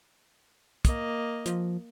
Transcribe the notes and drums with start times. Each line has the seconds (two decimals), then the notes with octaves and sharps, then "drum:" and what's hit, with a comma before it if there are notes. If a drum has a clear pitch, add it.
0.85 A#3 D#5, drum: kick, hi-hat
1.46 F3, drum: hi-hat